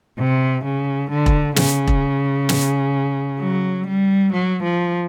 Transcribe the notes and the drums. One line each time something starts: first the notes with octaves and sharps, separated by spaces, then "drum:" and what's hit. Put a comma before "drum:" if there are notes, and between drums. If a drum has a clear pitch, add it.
C3
C#3
D3
drum: kick E1
C#3, drum: snare
drum: kick E1
drum: snare
F#3
G3
F#3
F3